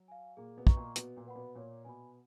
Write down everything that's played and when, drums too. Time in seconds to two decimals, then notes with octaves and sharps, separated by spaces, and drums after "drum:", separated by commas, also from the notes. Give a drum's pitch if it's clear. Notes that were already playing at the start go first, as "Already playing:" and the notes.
Already playing: F#3
0.08 F5 G#5
0.37 A#2 A#3 G#4
0.57 B2 B3
0.67 D#5 A#5 C#6, drum: kick
0.76 A#2 A#3
0.96 B2 B3 F#4, drum: hi-hat
1.17 A#2 A#3
1.26 B4 F#5 B5
1.35 B2 B3
1.55 A#2 A#3 C#5
1.84 B2 B3 G#5 B5